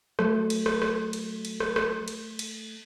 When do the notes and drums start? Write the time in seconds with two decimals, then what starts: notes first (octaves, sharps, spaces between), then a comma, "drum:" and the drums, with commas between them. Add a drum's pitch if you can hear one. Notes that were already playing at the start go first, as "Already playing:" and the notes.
0.19 F#3 A3, drum: rim click
0.50 drum: cymbal
0.66 drum: rim click
0.82 drum: rim click
1.13 drum: cymbal
1.45 drum: cymbal
1.60 drum: rim click
1.76 drum: rim click
2.08 drum: cymbal
2.39 drum: cymbal